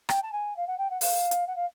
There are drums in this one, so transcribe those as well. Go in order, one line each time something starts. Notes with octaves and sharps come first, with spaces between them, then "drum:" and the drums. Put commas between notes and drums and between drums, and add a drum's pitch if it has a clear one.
G5, drum: rim click
A5
G#5
F5
F#5
G5
F#5
F5, drum: open hi-hat
drum: hi-hat
F#5
F5